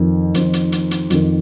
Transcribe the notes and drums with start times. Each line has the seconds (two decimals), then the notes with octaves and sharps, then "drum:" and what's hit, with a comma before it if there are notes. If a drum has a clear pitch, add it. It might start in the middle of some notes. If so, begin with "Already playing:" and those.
Already playing: F2 D#3
0.34 F2 D#3 C5, drum: hi-hat
0.53 drum: hi-hat
0.72 drum: hi-hat
0.91 drum: hi-hat
1.10 F2 D#3, drum: hi-hat